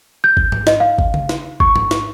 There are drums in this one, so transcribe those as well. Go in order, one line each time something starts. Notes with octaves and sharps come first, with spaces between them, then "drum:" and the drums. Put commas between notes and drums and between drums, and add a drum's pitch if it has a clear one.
G6
drum: kick G1
drum: tom G#2
D#5, drum: snare
F5
drum: kick G1
drum: tom C#3
drum: snare
C#6, drum: kick G1
drum: tom G#2
drum: snare